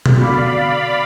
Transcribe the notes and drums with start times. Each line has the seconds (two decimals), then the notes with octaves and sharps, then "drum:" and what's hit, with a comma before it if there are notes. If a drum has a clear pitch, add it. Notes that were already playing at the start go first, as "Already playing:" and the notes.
0.06 drum: tom B2
0.17 B2 D3 D5 F5 B5